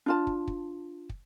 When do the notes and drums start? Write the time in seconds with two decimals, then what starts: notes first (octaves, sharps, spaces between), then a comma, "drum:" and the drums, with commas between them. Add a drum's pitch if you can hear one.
0.06 D4 F4 A5
0.27 drum: kick
0.48 drum: kick
1.09 drum: kick